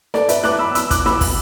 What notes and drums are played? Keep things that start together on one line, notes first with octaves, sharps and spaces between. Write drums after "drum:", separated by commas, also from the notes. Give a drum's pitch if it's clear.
A4 D5, drum: snare
B4 E5, drum: hi-hat
D6 F#6, drum: snare
B5 E6
B5 E6, drum: hi-hat
D6 F#6, drum: kick, hi-hat
B5 E6, drum: snare
drum: kick, open hi-hat